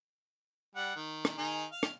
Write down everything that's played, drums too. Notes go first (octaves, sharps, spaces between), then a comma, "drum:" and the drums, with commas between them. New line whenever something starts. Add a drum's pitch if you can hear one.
G3 F#5
D#3
drum: rim click
D#3 D#4 G#4
F5
drum: rim click